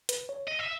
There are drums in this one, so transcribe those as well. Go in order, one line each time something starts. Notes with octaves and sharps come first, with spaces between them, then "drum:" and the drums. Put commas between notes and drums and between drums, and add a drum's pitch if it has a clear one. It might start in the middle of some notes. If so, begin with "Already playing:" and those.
B4, drum: hi-hat
C#5
D#5
E5